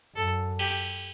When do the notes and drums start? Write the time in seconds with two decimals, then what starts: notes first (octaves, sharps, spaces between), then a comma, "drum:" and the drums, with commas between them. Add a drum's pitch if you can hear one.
0.15 F#2 A4
0.59 G4, drum: cymbal